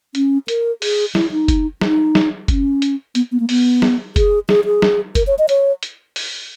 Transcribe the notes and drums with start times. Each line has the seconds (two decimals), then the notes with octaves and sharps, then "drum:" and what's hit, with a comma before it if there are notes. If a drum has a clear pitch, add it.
0.15 C#4, drum: hi-hat
0.48 A#4, drum: hi-hat
0.82 G#4, drum: open hi-hat
1.15 E4, drum: snare
1.31 D#4
1.48 drum: kick F#1, hi-hat
1.81 D#4, drum: snare
2.15 drum: snare
2.48 C#4, drum: kick F#1, hi-hat
2.82 drum: hi-hat
3.15 B3, drum: hi-hat
3.32 B3
3.40 A#3
3.49 B3, drum: open hi-hat
3.82 drum: snare
4.16 G#4, drum: kick F#1, hi-hat
4.49 G#4, drum: snare
4.65 G#4
4.82 drum: snare
5.15 A#4, drum: kick F#1, hi-hat
5.27 C#5
5.39 D#5
5.49 C#5, drum: hi-hat
5.83 drum: hi-hat
6.16 drum: open hi-hat